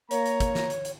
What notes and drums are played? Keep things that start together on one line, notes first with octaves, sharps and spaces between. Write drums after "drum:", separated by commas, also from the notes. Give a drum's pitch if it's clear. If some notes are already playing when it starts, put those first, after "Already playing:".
A#3 C#5 A#5, drum: hi-hat
drum: hi-hat
drum: kick, hi-hat
drum: snare
drum: hi-hat
drum: hi-hat